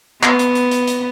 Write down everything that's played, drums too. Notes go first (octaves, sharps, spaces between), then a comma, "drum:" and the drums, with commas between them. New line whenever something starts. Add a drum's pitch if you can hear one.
B3, drum: clap
drum: hi-hat
drum: hi-hat
drum: hi-hat
drum: hi-hat